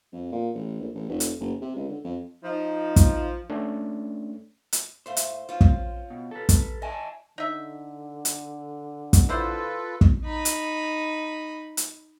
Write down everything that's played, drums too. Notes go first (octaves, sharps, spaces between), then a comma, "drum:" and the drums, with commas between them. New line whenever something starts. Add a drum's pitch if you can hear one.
F2
A#2
A1
A#1
A1
F1
drum: hi-hat
F#1
C3
C#2
D3
F2
F3 D#4
drum: kick, hi-hat
A3 C#4 D4
drum: hi-hat
A2 A3 C5 F5
drum: hi-hat
C4 C#4 F4
drum: kick
B2
A4 B4
drum: kick, hi-hat
E4 D#5 G#5 A5
D3 D#4 E5
drum: hi-hat
drum: kick, hi-hat
D4 E4 F4 A4 B4 C5
drum: kick
D#4 B5
drum: hi-hat
drum: hi-hat